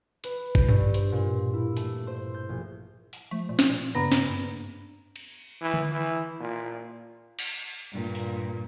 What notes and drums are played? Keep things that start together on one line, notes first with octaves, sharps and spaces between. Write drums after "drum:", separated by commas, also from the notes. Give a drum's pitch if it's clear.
B4, drum: hi-hat
G6, drum: kick
G2, drum: tom G2
C5, drum: hi-hat
A#2
E4
A3, drum: hi-hat
C5
G6
A#1
drum: open hi-hat
F3 A3
A#2
drum: snare
A#2
G2 C#3 A#3 B3 D4 A#5 B5 A#6
G#2, drum: snare
G2
drum: cymbal
E3
drum: tom D3
E3
A#2
drum: cymbal
G2 A#2
drum: open hi-hat